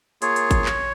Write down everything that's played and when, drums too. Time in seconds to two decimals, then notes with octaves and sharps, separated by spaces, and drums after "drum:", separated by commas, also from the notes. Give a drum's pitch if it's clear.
0.22 A#3 F4 G#4 C#5, drum: hi-hat
0.36 drum: hi-hat
0.51 drum: kick G#1, hi-hat
0.65 drum: clap